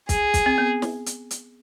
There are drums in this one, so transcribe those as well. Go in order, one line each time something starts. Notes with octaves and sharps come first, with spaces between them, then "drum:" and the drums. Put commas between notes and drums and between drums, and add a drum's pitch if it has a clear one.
G#4, drum: kick, hi-hat
drum: kick, hi-hat
C4
B3
drum: snare
drum: hi-hat
drum: hi-hat